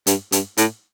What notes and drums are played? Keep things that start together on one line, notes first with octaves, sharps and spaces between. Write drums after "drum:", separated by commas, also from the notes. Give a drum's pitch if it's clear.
G2, drum: hi-hat
G2, drum: hi-hat
A2, drum: hi-hat